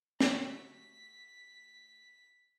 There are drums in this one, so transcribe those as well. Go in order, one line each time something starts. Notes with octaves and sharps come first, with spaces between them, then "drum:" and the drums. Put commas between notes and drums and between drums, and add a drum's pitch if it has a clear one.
A3 F#4 G4 B6, drum: snare